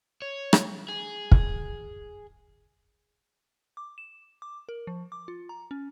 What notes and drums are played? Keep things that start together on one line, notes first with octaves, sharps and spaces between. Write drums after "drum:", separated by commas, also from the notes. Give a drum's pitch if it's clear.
C#5
drum: rim click
G#4
drum: kick
D6
E7
D6
A#4
F3
D6
F4
A#5
C#4